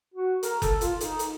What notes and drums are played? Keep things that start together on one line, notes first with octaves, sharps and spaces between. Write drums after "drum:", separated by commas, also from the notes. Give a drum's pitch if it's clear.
F#4
A#4, drum: hi-hat
A4, drum: kick F#1, hi-hat
F4, drum: hi-hat
D#4, drum: hi-hat
drum: hi-hat